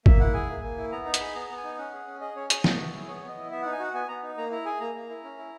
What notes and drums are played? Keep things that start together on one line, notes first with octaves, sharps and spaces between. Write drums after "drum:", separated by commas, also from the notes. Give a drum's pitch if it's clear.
A#3 E5, drum: kick
E4 F#5
G#4 G#5
A#3
A#3
E4
B3 A#5
D#4
B5, drum: hi-hat
G#4
B3 A#5
B3
G#5
D#4
C#4 F#5
G#4
C#4
G#4 D#5
C#4 C#5
G#4 C#5, drum: hi-hat
B3, drum: snare
E4
G#4
B3 C#5
B3
D#5
E4
B3 E5
D#4 F#5
G#5
F#4 F#5
B3 G#5
B3 A#5
D#4
A#3 A#5
E4 A#5
G#4 G#5
A#3 A#5
A#3
E4
C#4
E4